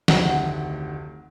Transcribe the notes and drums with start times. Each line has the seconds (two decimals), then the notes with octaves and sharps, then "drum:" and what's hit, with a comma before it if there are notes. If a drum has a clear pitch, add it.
0.08 F1 D2 D#3 F#5, drum: snare